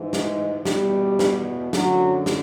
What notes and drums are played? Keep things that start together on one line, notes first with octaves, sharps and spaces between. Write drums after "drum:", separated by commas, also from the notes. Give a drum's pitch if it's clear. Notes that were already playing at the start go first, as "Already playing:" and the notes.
Already playing: G#2 E3
G#3, drum: snare
E2 B2 G3, drum: snare
drum: snare
F#2 D3 F#3, drum: snare
drum: snare